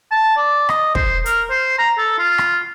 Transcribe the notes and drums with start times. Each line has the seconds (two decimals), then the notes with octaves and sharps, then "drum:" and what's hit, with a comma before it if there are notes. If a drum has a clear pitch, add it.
0.11 A5
0.36 D5
0.69 D#5, drum: rim click
0.95 C5, drum: kick
1.26 A#4, drum: hi-hat
1.50 C5
1.78 A#5
1.98 A4
2.18 F4
2.38 drum: rim click